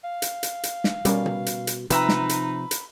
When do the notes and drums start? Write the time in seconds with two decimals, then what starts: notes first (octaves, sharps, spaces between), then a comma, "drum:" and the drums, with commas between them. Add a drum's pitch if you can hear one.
0.04 F5
0.22 drum: hi-hat
0.43 drum: hi-hat
0.63 drum: hi-hat
0.84 drum: snare
1.05 B2 G3 C#4 A#4, drum: hi-hat
1.26 drum: tom
1.46 drum: hi-hat
1.67 drum: hi-hat
1.90 C3 F3 D#4 B4 E5 A#5, drum: hi-hat
2.09 drum: snare
2.29 drum: hi-hat
2.71 drum: hi-hat